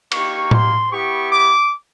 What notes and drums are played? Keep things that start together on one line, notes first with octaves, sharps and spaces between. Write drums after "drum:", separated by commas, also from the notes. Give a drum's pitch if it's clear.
A#3 D#4 G4 C#6, drum: cymbal
C6, drum: tom A2
B3 E4 G4 C#6
D6